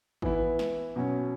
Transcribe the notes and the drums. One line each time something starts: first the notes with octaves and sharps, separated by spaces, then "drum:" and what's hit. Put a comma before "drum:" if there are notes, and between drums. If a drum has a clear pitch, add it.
E3 B3 E4, drum: kick G#1
drum: snare
B2 F#3 C#4